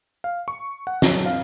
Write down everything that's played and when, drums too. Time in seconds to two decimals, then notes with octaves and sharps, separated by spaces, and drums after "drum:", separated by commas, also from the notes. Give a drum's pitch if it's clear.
0.24 F5
0.48 C#6
0.87 F#5
1.02 F#3, drum: snare
1.26 F5